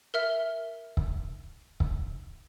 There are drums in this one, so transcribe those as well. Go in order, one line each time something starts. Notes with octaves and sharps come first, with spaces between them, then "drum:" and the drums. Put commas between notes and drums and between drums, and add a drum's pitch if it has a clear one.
A#4 E5 F6
drum: kick C#1
drum: kick C#1